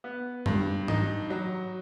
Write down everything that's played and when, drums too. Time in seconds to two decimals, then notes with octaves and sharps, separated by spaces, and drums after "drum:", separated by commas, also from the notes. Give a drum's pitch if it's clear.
0.04 B3
0.46 G2, drum: tom
0.88 D#4, drum: tom
1.30 F#3